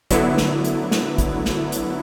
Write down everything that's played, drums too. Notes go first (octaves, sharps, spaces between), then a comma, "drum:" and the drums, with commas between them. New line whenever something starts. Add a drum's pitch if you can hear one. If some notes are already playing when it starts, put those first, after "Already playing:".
D3 F#3 B3 E4, drum: kick, hi-hat
drum: snare
drum: hi-hat
drum: snare
drum: kick, hi-hat
drum: snare
drum: hi-hat